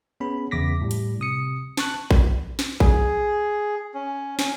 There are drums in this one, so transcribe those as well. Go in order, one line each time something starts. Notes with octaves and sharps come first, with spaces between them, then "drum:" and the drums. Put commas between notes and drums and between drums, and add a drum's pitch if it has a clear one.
B3 C#4 G#4 B5
E2 C#3 D6 A#6 B6
A2 G3
drum: hi-hat
C3 D#6 C#7
A5 C#6 F#6, drum: snare
drum: kick A#1
drum: snare
G#4, drum: kick A#1
C#4
C#4, drum: snare